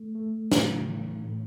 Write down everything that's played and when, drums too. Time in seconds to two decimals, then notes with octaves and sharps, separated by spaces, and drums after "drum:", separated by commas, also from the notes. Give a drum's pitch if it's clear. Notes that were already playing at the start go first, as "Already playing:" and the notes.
Already playing: A3
0.15 A3
0.52 A2, drum: snare
0.88 E3
1.24 A2